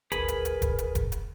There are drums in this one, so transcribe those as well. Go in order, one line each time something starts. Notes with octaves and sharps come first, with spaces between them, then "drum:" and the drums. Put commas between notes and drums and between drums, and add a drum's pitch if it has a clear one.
D#1 G#1 D2 G#4 A#4 B4 B5, drum: hi-hat
drum: hi-hat
drum: hi-hat
drum: kick E1, hi-hat
drum: hi-hat
drum: kick E1, hi-hat
drum: hi-hat